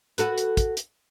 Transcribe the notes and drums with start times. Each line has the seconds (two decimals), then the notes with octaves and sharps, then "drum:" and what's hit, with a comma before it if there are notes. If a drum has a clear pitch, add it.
0.18 F#4 A4 B4, drum: hi-hat
0.38 drum: hi-hat
0.57 drum: kick, hi-hat
0.77 drum: hi-hat